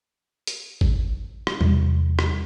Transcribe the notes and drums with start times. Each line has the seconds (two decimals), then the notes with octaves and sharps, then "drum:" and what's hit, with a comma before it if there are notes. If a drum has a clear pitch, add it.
0.47 drum: hi-hat
0.81 drum: kick
1.47 drum: rim click
1.61 E2 C3 G3, drum: tom
2.19 drum: rim click